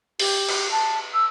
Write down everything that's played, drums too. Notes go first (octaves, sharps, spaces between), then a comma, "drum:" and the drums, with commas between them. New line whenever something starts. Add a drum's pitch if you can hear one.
G4, drum: open hi-hat
drum: cymbal
A5
E6